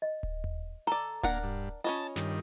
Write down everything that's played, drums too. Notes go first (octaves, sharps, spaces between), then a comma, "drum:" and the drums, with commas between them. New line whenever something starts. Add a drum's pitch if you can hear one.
D#5
drum: kick D1
drum: tom D#2
A4 D5 A#5
A#3 D4 A#4 F#5, drum: kick D1
G2
C#4 F4 C#5 D#5 A5
G2 D#3, drum: snare